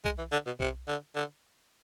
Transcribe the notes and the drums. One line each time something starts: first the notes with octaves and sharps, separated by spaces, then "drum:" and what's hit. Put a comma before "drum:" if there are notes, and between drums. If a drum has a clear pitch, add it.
G#3, drum: kick B1
E3
D3
B2
C3, drum: kick B1
D3
D3